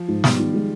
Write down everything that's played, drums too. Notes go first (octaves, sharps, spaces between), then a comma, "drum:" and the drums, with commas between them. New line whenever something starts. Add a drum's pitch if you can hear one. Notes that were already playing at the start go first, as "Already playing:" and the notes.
Already playing: F3
G#2
G3 B3, drum: snare
D#3
G#3